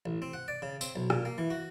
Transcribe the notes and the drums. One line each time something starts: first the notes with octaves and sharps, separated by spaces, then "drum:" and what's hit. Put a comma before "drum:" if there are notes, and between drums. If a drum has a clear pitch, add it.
A1
C4
F#5
D5
C#3
C4, drum: tambourine
B1
A#2, drum: rim click
A#3
E3
F#4